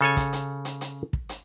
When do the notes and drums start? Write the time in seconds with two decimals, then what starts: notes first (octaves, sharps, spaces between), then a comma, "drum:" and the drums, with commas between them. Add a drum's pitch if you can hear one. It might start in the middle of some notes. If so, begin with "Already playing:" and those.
0.01 C#3 A4 C#5 G#5
0.17 drum: kick, hi-hat
0.33 drum: hi-hat
0.65 drum: hi-hat
0.81 drum: hi-hat
1.13 drum: kick
1.29 drum: hi-hat